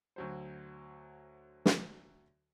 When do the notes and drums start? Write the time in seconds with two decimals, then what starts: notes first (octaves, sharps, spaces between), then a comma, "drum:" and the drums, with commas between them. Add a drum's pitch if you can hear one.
0.16 D2 F#3 C5
1.66 drum: snare